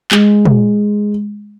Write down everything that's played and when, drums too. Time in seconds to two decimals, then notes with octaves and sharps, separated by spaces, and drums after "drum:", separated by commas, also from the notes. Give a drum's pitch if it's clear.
0.11 G#3, drum: clap
0.45 drum: tom